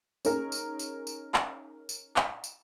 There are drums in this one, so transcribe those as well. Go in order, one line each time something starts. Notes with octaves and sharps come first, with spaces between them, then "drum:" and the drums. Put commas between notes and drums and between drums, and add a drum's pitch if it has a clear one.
C#4 D#4 G#4 A#4, drum: tambourine
drum: tambourine
drum: tambourine
drum: tambourine
drum: clap
drum: tambourine
drum: clap
drum: tambourine